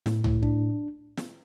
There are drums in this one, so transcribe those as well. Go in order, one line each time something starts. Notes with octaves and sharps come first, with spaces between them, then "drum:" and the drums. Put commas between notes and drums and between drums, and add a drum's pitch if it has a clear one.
A2, drum: snare
A2, drum: tom
D4, drum: kick
drum: snare